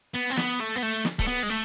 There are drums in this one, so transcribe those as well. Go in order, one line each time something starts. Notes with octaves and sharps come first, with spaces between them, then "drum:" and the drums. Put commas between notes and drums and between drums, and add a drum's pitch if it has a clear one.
B3
C4
B3, drum: snare
A3
B3
A3
drum: snare
A3, drum: kick C#1, open hi-hat
B3
G#3
A3